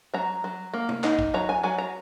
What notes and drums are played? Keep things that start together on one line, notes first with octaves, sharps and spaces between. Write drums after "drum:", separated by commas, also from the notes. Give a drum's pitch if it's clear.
F#3 A#5
F#3
A#3
drum: tom
D#4, drum: clap
drum: kick
F#3 A#5
G#5
F#3 G#5
A#5